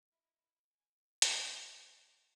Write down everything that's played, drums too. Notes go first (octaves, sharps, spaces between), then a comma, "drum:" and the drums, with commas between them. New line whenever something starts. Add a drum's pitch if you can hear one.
E4 A#4 D#5 B5
G#5
E4 G#5, drum: hi-hat
A#5
G5